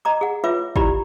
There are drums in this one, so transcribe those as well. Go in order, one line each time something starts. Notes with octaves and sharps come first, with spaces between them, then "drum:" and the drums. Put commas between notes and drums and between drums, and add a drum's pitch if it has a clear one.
D#5 A#5 D6
G#4 F#5
F4 B4 C#5 E5 D6
E4 G4 D5 A#5 B5, drum: kick